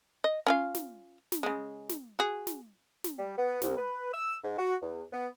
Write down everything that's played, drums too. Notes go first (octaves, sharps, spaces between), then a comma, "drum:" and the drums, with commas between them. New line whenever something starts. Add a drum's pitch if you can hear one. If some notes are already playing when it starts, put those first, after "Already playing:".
D#5
C#4 F4 F5
drum: snare
drum: snare
C#3 G#3
drum: snare
F#4 G#4
drum: snare
drum: snare
G3
B3
C2, drum: snare
B4
E6
G#2
F#4
E2
B3